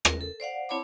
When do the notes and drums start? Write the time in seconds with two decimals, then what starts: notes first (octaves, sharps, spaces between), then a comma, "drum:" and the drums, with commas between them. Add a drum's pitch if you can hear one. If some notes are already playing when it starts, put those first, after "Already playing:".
0.05 A#4, drum: rim click
0.21 A4
0.40 C5 D5 F5 F#5
0.69 C4 E4 C#5 A5 B5 D6